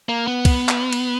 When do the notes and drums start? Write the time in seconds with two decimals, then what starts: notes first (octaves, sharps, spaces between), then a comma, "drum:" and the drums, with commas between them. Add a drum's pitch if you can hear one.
0.09 A#3
0.27 B3
0.45 drum: kick, cymbal
0.69 drum: clap
0.93 drum: cymbal